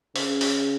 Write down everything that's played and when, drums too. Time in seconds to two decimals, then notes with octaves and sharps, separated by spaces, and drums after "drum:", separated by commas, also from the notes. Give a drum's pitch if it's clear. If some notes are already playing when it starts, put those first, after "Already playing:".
0.16 C#3, drum: open hi-hat
0.41 drum: open hi-hat